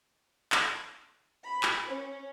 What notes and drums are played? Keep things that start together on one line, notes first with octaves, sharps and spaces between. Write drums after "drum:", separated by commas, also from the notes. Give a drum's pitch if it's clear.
drum: clap
B5
drum: clap
C#4